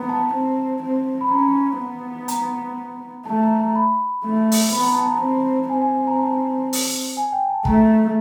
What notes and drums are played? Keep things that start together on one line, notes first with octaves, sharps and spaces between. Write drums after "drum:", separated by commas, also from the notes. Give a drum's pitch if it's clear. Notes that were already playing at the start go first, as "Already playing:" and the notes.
Already playing: B3 A#5
A5
C4
C4
B5
C#4 A#5
B3
A#5, drum: hi-hat
A3 A5
A#5
A#5
B5
A3
drum: open hi-hat
B3 B5
A#5
A5
A#5
C4
C4 G#5
G#5
A#5
A5
drum: open hi-hat
G#5
G5
A5
A3 A#5, drum: kick